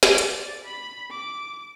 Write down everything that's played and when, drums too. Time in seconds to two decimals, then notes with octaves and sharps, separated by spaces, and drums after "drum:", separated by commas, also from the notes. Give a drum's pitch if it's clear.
0.03 drum: snare
0.18 D5, drum: hi-hat
0.65 B5
1.10 D6